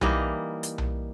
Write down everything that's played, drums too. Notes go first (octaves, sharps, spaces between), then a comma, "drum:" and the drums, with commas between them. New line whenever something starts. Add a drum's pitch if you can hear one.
E3 G3 A#3 D#4, drum: tom B1
drum: hi-hat
drum: tom B1